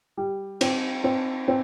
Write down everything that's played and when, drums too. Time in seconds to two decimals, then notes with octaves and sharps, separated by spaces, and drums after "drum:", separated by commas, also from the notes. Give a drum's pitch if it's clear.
0.17 G3
0.61 C4, drum: cymbal
1.04 C4
1.48 C4